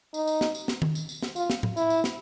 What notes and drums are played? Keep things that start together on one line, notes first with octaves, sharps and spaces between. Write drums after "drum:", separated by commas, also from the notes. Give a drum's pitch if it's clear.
D#4, drum: tambourine
drum: tambourine
drum: snare
drum: tambourine
drum: snare
drum: tom D#3
drum: tambourine
drum: tambourine
drum: snare
F4, drum: tambourine
drum: snare
drum: tom A2
E4, drum: tambourine
drum: tambourine
drum: snare